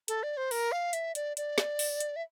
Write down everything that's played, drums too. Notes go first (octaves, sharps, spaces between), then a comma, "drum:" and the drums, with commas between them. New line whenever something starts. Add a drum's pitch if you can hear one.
A4, drum: hi-hat
D5
C5
A#4, drum: open hi-hat
F5
E5, drum: hi-hat
D5, drum: hi-hat
D5, drum: hi-hat
drum: snare
drum: open hi-hat
drum: hi-hat
E5